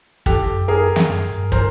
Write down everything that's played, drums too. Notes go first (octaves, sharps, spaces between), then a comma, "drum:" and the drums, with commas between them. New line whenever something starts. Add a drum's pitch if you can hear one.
F#2 G4 A4, drum: kick
F2
F#2
G#4 A#4
drum: snare
F#2
G2
A#4 C5, drum: kick